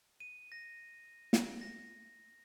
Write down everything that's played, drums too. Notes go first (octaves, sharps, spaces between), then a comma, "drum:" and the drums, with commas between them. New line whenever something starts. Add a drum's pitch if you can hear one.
D#7
A#6
drum: snare
A#6